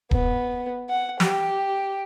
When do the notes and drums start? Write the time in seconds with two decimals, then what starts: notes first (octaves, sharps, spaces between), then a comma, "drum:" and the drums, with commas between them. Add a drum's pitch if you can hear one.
0.11 B3, drum: kick D#1
0.89 F#5
1.20 G4, drum: snare